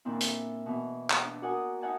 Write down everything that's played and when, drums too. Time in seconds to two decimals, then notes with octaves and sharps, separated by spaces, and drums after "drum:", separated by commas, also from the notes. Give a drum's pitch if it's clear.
0.05 A#2 D#3 A#3 C4 D4 E4
0.20 E5, drum: hi-hat
0.66 B2 E3
1.10 drum: clap
1.25 D4
1.42 F#4 A#4 D5 F#5 G#5 D#6
1.81 D#4 E5 F#5 G#5 A5